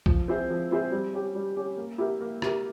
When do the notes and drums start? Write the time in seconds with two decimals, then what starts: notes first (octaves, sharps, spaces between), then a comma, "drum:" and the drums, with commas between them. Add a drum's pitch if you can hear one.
0.06 F3, drum: kick B1
0.28 C4 E4 G#4 C5
0.50 F3
0.71 C4 E4 G#4 C5
0.91 G3
1.13 C#4 G4
1.35 G3
1.56 C#4 G4
1.77 A#3
1.98 E4 G4 A#4
2.21 A#3
2.42 E4 G4 A#4, drum: rim click